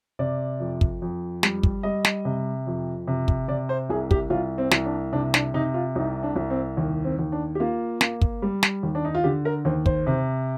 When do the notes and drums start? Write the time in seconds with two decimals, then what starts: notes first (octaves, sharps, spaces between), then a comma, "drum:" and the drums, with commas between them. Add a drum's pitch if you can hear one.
0.19 C3 D5
0.60 F2
0.81 drum: kick
1.02 F2
1.43 G3, drum: snare
1.63 drum: kick
1.83 G3 D#5
2.05 drum: snare
2.25 C3
2.67 F2
3.08 C3
3.28 drum: kick
3.48 C3 D5
3.69 C5
3.89 C2 G#4
4.11 G4, drum: kick
4.30 C2 F4
4.58 C4
4.71 C2, drum: snare
4.86 D4
5.12 C3 D4
5.34 D4, drum: snare
5.54 C3 D#4
5.74 F4
5.95 C2 D#4
6.23 D4
6.36 C2
6.50 C4
6.77 D#2
7.04 C4
7.19 D#2
7.32 D4
7.55 G4
7.60 A#3 F4
8.01 A#3, drum: snare
8.21 drum: kick
8.42 G3
8.63 drum: snare
8.83 D#2
8.95 D4
9.05 D#4
9.15 F4
9.24 D3 G4
9.45 A#4
9.65 D#2 C5
9.86 C5, drum: kick
10.07 C3